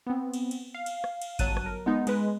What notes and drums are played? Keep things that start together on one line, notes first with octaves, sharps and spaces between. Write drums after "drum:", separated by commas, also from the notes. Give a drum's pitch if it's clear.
B3 C4
drum: cymbal
drum: cymbal
F5
drum: cymbal
drum: rim click
drum: cymbal
G1 F#3 A5 F#6 D#7, drum: kick A1, cymbal
drum: rim click
A#4
G#3 B3 D#4
G#3 B4 F#6, drum: cymbal